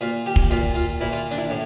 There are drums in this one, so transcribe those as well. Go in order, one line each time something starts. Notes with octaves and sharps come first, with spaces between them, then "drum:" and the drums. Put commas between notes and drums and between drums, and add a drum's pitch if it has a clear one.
A#2 F4
G4
drum: kick
A#2 F4
F4
A#2 E4
F4
D4
E4
A2